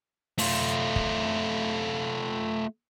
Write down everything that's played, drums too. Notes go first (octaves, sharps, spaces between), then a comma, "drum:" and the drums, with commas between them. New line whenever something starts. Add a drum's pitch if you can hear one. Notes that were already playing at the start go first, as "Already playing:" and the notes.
A3 F4, drum: open hi-hat
drum: kick